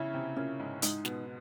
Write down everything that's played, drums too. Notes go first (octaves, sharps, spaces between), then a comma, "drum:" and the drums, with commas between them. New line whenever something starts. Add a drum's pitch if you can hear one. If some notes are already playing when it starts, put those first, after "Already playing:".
Already playing: C#3 C#4 E4
C3 C4
A#2 A#3 C#4
G#2 G#3
G#2 G#3 D#4, drum: hi-hat
B2 B3, drum: snare